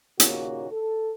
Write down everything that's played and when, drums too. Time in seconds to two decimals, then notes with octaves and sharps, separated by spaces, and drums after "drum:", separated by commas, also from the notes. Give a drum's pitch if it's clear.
0.20 D#2 A#2 C#3 A#3 F#4 C#5, drum: hi-hat
0.72 A4